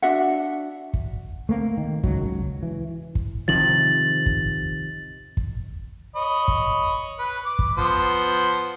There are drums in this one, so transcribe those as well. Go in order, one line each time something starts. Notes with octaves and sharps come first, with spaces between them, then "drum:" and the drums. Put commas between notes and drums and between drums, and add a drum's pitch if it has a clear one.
D4 F#4 E5 F#5
drum: kick
A3 A#3 C4
D#3
C#2 F#3, drum: kick
E3
drum: kick
C3 D#3 F3 A6 F#7
drum: kick
drum: kick
C#5 D#5 B5
drum: kick
B4
D6
drum: kick
F3 B3 C5